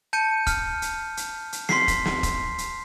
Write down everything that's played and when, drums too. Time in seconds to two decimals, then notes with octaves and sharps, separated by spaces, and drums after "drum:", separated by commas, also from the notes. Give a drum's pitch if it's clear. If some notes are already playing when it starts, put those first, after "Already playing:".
0.13 A5 G6 C#7 D#7
0.47 F6, drum: kick, hi-hat
0.82 drum: hi-hat
1.17 drum: hi-hat
1.52 drum: hi-hat
1.69 C6 B6 C7, drum: snare
1.88 drum: kick, hi-hat
2.05 drum: snare
2.23 drum: kick, hi-hat
2.58 drum: hi-hat